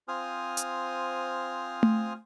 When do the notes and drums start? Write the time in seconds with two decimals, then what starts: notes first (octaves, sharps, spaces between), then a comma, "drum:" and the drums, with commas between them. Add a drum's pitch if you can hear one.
0.08 C4 F4 C5 G#5 D#6 F6
0.57 drum: hi-hat
1.83 drum: tom A3